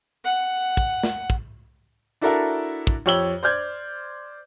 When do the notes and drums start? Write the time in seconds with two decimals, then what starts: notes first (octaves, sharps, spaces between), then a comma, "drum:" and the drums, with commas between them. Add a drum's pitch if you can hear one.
0.25 F#5
0.77 drum: kick
1.03 drum: snare
1.30 drum: kick
2.21 D4 E4 F#4 A4 A#4 E5
2.87 drum: kick
3.06 F2 G4 C#5 E6 F#7 G7
3.43 C5 D5 F6 G6 G#6